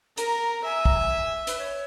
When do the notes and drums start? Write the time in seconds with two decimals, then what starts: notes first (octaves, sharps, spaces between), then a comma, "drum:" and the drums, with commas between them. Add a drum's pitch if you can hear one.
0.17 A#4 A#5, drum: hi-hat
0.64 E5 G#5
0.85 A#5, drum: kick
0.96 G#5
1.47 B4, drum: hi-hat
1.59 C#5